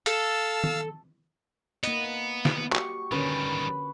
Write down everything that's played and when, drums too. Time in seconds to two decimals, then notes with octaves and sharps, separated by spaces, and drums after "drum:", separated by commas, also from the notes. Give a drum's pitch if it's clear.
0.06 A4 F5 A5 E6, drum: hi-hat
0.64 drum: tom D#3
1.83 A#3 B3 D#5, drum: hi-hat
2.45 drum: snare
2.72 F#4 G4 C#6, drum: clap
3.12 D3 D#3 G3 C#4 A#4 B4